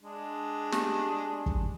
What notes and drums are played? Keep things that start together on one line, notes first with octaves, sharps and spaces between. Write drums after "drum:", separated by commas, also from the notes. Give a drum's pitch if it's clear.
G#3 D4
G4, drum: snare
drum: kick